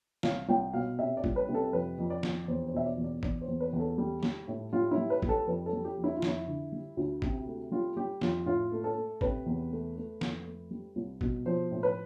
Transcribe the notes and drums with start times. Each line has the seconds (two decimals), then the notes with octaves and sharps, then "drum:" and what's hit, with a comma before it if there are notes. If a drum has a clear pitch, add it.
0.23 C2 F5, drum: snare
0.49 C2 G5
0.73 B2 F5
0.99 C3 E5
1.17 D5
1.24 C2, drum: kick
1.36 B4
1.49 C3
1.54 A4
1.73 F2 B4
1.98 F2
2.10 D5
2.23 F2, drum: snare
2.48 E2 C5
2.67 C5
2.73 B2 E5
2.86 D5
2.98 E2
3.04 D5
3.23 E2 D5, drum: kick
3.41 C5
3.48 E2
3.60 B4
3.73 E2
3.79 A4
3.98 G3
4.23 G3, drum: snare
4.48 A2
4.73 G3 F4
4.91 E4
4.98 G3
5.10 B4
5.22 G3, drum: kick
5.29 A4
5.47 F2 B4
5.66 A4
5.73 G3
5.84 G4
5.97 F2
6.04 E4
6.15 F4
6.22 F2 E4, drum: snare
6.47 D3
6.72 G3
6.97 D2
7.22 C3, drum: kick
7.47 A3
7.71 G3 F4
7.97 G3 G4
8.21 F2 F4, drum: snare
8.46 A2 F4
8.72 A3
8.84 A4
8.96 A3
9.21 C3 B4, drum: kick
9.46 E2
9.71 A3
9.96 A3
10.21 F2, drum: snare
10.46 A3
10.71 G3
10.96 C2
11.21 B2, drum: kick
11.46 F3 C5
11.71 A2
11.83 B4